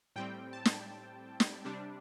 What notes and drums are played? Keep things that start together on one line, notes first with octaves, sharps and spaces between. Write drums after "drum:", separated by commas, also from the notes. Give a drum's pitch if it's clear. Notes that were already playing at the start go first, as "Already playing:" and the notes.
A2 G3 C4 G5
A5
drum: snare
drum: snare
C3 G3 D4